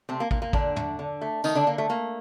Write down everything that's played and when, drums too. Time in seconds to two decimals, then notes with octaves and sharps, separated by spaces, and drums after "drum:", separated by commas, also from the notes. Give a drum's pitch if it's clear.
0.09 C3 A3 C4
0.20 A#3
0.31 A#2 A#3, drum: kick
0.42 A#3
0.53 A#2 D3 D4, drum: kick
0.76 A3, drum: tom
0.99 D3
1.21 A3
1.44 D#3 A3 D#4, drum: tambourine
1.55 D3 D4
1.66 D3 A#3
1.78 A3
1.89 A3 A#3